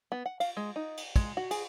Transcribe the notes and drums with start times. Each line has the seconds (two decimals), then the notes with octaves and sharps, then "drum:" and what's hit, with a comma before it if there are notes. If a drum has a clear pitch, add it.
0.12 B3
0.26 F#5
0.40 F5, drum: cymbal
0.57 G#3
0.76 D#4
0.97 drum: cymbal
1.16 G#3, drum: kick, cymbal
1.37 F#4
1.51 G#4, drum: cymbal